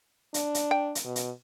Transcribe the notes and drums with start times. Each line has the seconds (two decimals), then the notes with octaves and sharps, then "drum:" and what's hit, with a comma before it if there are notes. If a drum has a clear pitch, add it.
0.34 D4, drum: hi-hat
0.54 drum: hi-hat
0.71 G5
0.95 drum: hi-hat
1.04 B2
1.16 drum: hi-hat